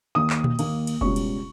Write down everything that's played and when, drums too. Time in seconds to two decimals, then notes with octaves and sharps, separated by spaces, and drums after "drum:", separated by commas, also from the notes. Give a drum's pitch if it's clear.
0.15 D#2 D#3 A#3 D#6
0.30 drum: clap
0.44 drum: tom A#2
0.59 D#2 D#3 A#3, drum: cymbal
0.87 drum: cymbal
1.01 C#2 B2 G3 C#4 C#6, drum: kick F1
1.16 drum: cymbal